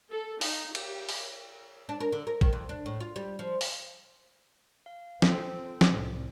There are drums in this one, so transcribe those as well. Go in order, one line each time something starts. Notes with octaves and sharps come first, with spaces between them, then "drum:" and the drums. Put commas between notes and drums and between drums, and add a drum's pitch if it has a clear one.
A4
D#4, drum: open hi-hat
G4, drum: cymbal
drum: open hi-hat
D4
A#4
D3
A#4
D#3, drum: kick A1
F2
D4
A2
F4
G3
F3
drum: open hi-hat
F5
C4 F4 A4 C5, drum: snare
drum: snare
C2 A2